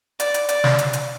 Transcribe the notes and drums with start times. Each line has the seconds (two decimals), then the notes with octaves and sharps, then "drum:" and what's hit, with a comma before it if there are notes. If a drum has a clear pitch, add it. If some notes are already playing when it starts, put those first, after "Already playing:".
0.20 D5, drum: hi-hat
0.34 drum: hi-hat
0.49 D5, drum: hi-hat
0.64 drum: snare
0.79 drum: hi-hat
0.93 drum: hi-hat